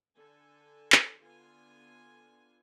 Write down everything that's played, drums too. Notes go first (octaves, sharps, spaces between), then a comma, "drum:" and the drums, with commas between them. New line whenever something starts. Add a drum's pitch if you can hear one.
D3 A4 G#5
drum: clap
D3 B3 F4 G#5